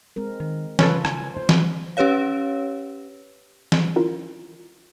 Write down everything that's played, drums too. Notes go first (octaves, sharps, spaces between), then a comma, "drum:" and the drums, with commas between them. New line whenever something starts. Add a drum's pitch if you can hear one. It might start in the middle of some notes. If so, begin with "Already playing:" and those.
G#3 C4 A#4
D#3
C#3 C#4 F4 A4 B4, drum: snare
G#5, drum: rim click
C5
drum: snare
C#4 G4 B4 C#5 F5
drum: snare
C#4 E4 F4 A#4